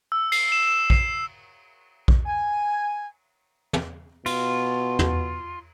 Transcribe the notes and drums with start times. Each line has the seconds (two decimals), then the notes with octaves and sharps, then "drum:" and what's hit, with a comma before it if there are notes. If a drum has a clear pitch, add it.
0.12 E6
0.32 C7, drum: cymbal
0.52 E7
0.67 E7
0.90 C7, drum: kick
2.08 drum: kick
2.26 G#5
3.73 drum: tom
4.26 B2 F4, drum: cymbal
4.99 drum: tom